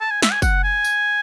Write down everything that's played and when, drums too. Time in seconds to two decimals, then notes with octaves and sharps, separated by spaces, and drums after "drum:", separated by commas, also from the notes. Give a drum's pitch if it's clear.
0.01 A5
0.11 G#5
0.22 E5, drum: snare
0.32 G#5
0.42 F#5, drum: kick, tambourine
0.64 G#5
0.84 drum: tambourine